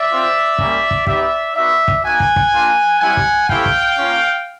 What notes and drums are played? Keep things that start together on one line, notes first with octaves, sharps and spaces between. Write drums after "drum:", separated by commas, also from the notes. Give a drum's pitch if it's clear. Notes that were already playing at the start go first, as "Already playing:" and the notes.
Already playing: D5 E5
C4 F4
G3 A#3 C#4, drum: kick
drum: kick
B3 D#4 G4 D5 E5, drum: kick
B3 D#4 F#4 D5 E5
drum: kick
A#3 D#4 F#4 F#5 G#5
drum: kick
drum: kick
A#3 D4 F4
G3 C4 E4 G4 F#5 G#5
drum: kick
A3 C4 E4 G4 F5 G5, drum: kick
drum: kick
A#3 C#4 F4